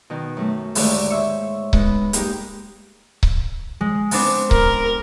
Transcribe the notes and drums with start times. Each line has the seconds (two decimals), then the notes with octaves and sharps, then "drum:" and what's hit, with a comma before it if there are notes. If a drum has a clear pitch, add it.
0.10 B2 D#3
0.37 F#2 A3
0.75 D#2 G#2 D3 A3 D5 C#6, drum: open hi-hat
1.10 C5 C#5 E5 C#6
1.73 G#3 B3 D#4 B4, drum: kick C#1
2.13 G#3 A#3 D#4 G4, drum: hi-hat
3.23 drum: kick C#1
3.81 G#3
4.11 B3 C4 D4, drum: open hi-hat
4.51 A#4, drum: kick C#1